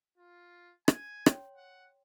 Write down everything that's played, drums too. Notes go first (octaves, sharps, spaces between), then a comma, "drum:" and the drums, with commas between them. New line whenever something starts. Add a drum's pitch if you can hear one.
F4
G#5, drum: rim click
C#5 G5 C6, drum: rim click
F#5